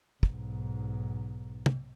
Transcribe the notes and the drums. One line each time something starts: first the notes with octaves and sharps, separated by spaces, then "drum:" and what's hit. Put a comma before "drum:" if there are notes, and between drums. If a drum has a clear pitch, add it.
B1 G#2, drum: kick
drum: tom